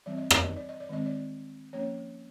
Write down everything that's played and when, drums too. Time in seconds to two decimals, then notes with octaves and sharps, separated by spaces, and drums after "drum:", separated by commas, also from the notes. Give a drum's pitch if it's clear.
0.06 E3 G3 C4 D5
0.18 D#5
0.30 D5, drum: rim click
0.44 D#5
0.56 D5
0.69 D#5
0.80 D5
0.89 D#3 G#3 C4 D#5
1.06 D5
1.73 F3 A#3 C#4 C#5